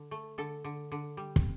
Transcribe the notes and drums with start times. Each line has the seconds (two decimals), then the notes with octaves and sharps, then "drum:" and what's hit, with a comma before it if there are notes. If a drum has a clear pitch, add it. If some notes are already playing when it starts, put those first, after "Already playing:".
Already playing: D3
0.11 A3
0.38 D3 A4
0.64 D3
0.92 D3
1.17 G3
1.36 drum: kick